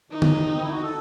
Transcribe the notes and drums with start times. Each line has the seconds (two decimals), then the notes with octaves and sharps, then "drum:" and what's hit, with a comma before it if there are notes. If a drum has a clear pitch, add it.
0.10 D#3 D#4
0.22 drum: tom D3
0.52 C4
0.61 E4
0.71 F#4
0.82 A4